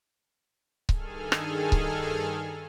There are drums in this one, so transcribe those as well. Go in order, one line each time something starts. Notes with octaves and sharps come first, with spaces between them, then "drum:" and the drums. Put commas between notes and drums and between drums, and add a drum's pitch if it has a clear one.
G2 D#3 G#4 A4 G#5 F6, drum: kick C#1
drum: rim click
drum: kick C#1